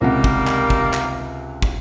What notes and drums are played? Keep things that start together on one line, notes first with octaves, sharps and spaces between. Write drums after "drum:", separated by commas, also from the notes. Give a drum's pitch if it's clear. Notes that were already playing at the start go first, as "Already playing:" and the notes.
C#2 C3 D#3 G3 A#3 F#5
drum: kick
drum: clap
drum: kick
drum: clap
drum: kick